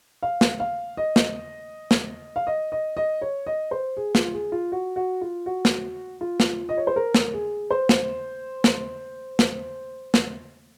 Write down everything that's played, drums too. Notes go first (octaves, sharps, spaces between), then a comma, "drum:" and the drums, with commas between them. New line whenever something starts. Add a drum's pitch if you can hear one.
F5
drum: snare
F5
D#5
drum: snare
drum: snare
F5
D#5
D#5
D#5
C#5
D#5
C5
G#4
F4, drum: snare
G#4
F4
F#4
F#4
F4
F#4
drum: snare
F4
drum: snare
D#5
C#5
C5
A#4
drum: snare
G#4
C5
drum: snare
drum: snare
drum: snare
drum: snare